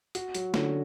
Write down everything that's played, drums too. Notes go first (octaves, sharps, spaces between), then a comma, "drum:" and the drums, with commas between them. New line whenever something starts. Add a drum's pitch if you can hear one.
F#4, drum: hi-hat
F#3, drum: hi-hat
D3 C#4, drum: snare